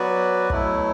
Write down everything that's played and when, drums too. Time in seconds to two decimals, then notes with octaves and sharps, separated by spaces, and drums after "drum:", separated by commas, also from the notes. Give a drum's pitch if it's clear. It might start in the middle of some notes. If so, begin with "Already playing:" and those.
Already playing: F#3 B3 F#4 B4 D5
0.50 B2 F#3 A3 E4, drum: kick